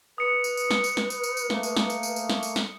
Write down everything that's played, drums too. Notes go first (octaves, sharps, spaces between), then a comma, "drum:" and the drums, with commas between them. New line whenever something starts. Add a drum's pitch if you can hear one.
B4 D#6 C#7
drum: tambourine
drum: tambourine
drum: snare
drum: tambourine
drum: snare
drum: tambourine
drum: tambourine
drum: tambourine
A3 A#3, drum: snare
drum: tambourine
drum: snare
drum: tambourine
drum: tambourine
drum: tambourine
drum: snare
drum: tambourine
drum: snare